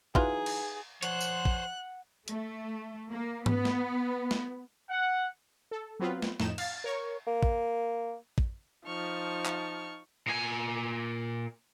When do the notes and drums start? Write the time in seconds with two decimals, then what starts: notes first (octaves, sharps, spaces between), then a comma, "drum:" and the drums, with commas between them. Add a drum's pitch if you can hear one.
0.15 E3 F#3 D#4 F4 G#4 B4 A#5, drum: kick A1
0.46 drum: cymbal
1.03 F3 C5 C#5 F#5 F#6, drum: hi-hat
1.21 drum: tambourine
1.45 drum: kick A1
2.28 A3, drum: hi-hat
3.09 A#3
3.46 B3, drum: tom G#2
3.65 drum: snare
4.31 drum: snare
4.90 F#5
5.71 A4
6.00 F#3 B3 C4 F4 B4
6.22 drum: snare
6.40 F2 A2 D#4 E7, drum: snare
6.58 F5 A6, drum: cymbal
6.84 A#4 C#5 C#6
7.27 A#3
7.43 drum: kick A1
8.38 drum: kick A1
8.87 F3 D#4 A5 C#6 F6
9.45 drum: clap
10.27 A#2 G#5